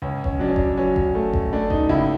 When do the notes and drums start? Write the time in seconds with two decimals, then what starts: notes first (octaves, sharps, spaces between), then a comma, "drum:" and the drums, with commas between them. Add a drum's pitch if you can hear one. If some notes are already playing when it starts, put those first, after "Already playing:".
0.02 C#2 C#4
0.24 C#4, drum: kick F#1
0.39 F#3 D4
0.48 C#4
0.56 D4, drum: kick F#1
0.77 F#3 C#4
0.96 drum: kick F#1
1.15 A3
1.33 drum: kick F#1
1.53 A3 D4
1.70 D#4, drum: kick F#1
1.89 C#2 E4